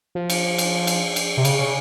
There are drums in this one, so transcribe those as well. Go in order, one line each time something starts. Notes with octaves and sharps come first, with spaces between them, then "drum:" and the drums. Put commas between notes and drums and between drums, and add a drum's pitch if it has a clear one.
F3
drum: cymbal
drum: cymbal
drum: cymbal
drum: cymbal
C3
C#3, drum: cymbal
C#3